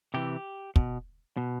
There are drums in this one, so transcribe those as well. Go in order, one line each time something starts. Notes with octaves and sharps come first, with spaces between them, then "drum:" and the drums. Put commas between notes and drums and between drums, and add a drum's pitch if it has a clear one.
C3 E3 G4
B2, drum: kick
B2